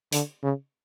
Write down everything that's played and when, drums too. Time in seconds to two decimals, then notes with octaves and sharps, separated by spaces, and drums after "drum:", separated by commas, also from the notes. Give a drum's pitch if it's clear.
0.12 D3, drum: hi-hat
0.43 C#3